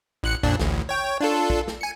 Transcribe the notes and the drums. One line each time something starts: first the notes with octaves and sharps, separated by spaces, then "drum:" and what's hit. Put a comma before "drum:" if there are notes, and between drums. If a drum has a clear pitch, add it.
A1 F#6 C#7
F2 A#2 D4, drum: kick
A1 D2, drum: snare
C#5 G5
D4 F4 A4
drum: kick
drum: snare
G#5 C#7